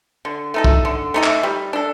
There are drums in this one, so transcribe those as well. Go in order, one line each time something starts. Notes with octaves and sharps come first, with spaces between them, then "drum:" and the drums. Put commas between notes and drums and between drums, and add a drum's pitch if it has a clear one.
D3
A3 D#4 A4
drum: kick
D3
A3 D#4 A4
drum: clap
G3
D4 A4